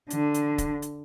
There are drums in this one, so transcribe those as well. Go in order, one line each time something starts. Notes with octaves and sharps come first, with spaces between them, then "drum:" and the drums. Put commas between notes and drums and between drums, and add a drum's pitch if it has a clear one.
D3, drum: hi-hat
drum: hi-hat
drum: kick, hi-hat
drum: hi-hat